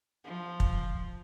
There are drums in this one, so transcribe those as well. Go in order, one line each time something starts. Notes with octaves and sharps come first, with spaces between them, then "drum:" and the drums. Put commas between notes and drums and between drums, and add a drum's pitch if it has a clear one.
F3
drum: kick